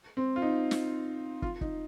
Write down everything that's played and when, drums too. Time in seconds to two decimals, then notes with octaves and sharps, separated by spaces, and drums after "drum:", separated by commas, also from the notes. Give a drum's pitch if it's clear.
0.17 C4
0.36 F4
0.42 D#4
0.71 drum: snare
1.42 F4, drum: kick
1.61 D#4, drum: kick